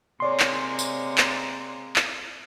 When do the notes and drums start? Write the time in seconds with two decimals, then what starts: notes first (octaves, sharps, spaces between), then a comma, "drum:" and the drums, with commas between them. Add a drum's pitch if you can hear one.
0.20 C3 G#3 A#3 C#5 D5 C6
0.40 drum: clap
0.79 drum: tambourine
1.18 drum: clap
1.96 drum: clap